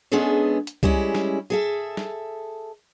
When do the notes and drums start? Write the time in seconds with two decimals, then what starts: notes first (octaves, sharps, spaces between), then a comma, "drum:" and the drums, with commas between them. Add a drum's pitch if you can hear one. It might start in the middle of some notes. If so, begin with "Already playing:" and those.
0.12 G#3 B3 C#4 D4 G#4 A4
0.67 drum: hi-hat
0.83 G3 G#3 C#4 E4, drum: kick
1.15 drum: snare
1.50 G#4 A4 E5
1.97 drum: snare